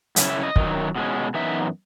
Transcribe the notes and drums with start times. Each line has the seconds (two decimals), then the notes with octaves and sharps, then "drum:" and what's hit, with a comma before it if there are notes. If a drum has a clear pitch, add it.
0.16 F#2 C#3 C#4 E4, drum: hi-hat
0.30 E5
0.43 D#5
0.56 F#2 D#3 F#3, drum: kick
0.96 B2 G#3 C#4
1.34 F#2 E3 B3 D#4 E5